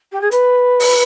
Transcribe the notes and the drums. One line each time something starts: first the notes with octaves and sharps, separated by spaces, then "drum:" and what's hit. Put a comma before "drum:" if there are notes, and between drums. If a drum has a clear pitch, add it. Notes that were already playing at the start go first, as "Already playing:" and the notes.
G4
G#4
B4, drum: hi-hat
drum: open hi-hat